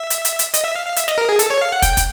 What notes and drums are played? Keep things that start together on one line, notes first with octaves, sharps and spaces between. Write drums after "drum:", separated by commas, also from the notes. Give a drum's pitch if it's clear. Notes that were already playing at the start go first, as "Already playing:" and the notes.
Already playing: E5
drum: hi-hat
drum: hi-hat
drum: hi-hat
D#5, drum: hi-hat
E5
F5
F5
E5, drum: hi-hat
D#5, drum: snare
A#4
G#4
A4, drum: hi-hat
C#5
F5
F#5
G5, drum: kick, hi-hat
drum: kick, hi-hat